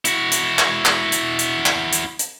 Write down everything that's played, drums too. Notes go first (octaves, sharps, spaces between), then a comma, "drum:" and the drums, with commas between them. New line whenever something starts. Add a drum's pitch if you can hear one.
E4 F#4, drum: hi-hat
drum: hi-hat
drum: clap
drum: clap
drum: hi-hat
drum: hi-hat
drum: clap
drum: hi-hat
drum: hi-hat